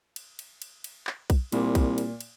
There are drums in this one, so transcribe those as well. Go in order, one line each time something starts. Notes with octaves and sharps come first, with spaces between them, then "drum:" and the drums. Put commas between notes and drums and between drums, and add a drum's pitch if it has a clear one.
drum: cymbal
drum: cymbal
drum: cymbal
drum: cymbal
drum: clap
drum: kick B1, cymbal
C2 A#2, drum: cymbal
drum: kick B1, cymbal
drum: cymbal
drum: cymbal